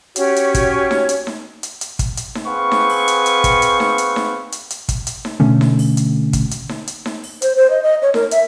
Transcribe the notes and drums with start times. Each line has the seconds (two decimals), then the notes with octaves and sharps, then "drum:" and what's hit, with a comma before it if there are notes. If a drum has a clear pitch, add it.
0.16 C#4 F#4 G4 C#5, drum: hi-hat
0.36 drum: hi-hat
0.54 drum: kick, hi-hat
0.91 drum: snare D#4
1.09 drum: hi-hat
1.27 drum: snare D#4
1.63 drum: hi-hat
1.81 drum: hi-hat
1.99 drum: kick, hi-hat
2.17 drum: hi-hat
2.35 drum: snare D#4
2.47 C4 G#4 B4 F5 F#5 C#6
2.72 drum: snare D#4
2.90 drum: open hi-hat
3.08 drum: hi-hat
3.26 drum: hi-hat
3.44 drum: kick, hi-hat
3.62 drum: hi-hat
3.80 drum: snare D#4
3.98 drum: hi-hat
4.16 drum: snare D#4
4.52 drum: hi-hat
4.70 drum: hi-hat
4.89 drum: kick, hi-hat
5.07 drum: hi-hat
5.25 drum: snare D#4
5.40 B2 D3 A3 C#4
5.61 drum: snare D#4
5.79 drum: open hi-hat
5.97 drum: hi-hat
6.33 drum: kick, hi-hat
6.51 drum: hi-hat
6.69 drum: snare D#4
6.87 drum: hi-hat
7.06 drum: snare D#4
7.24 drum: open hi-hat
7.42 C5, drum: hi-hat
7.56 C5
7.70 D#5
7.83 D#5
8.02 C#5
8.14 A#4, drum: snare D#4
8.31 E5, drum: hi-hat